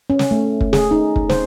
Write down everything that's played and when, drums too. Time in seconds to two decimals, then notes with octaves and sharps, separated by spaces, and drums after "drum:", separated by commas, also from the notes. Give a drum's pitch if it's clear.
0.10 C#4
0.19 drum: snare
0.31 A3
0.61 drum: kick
0.73 G#4, drum: snare
0.91 D#4
1.16 drum: kick
1.29 C5, drum: snare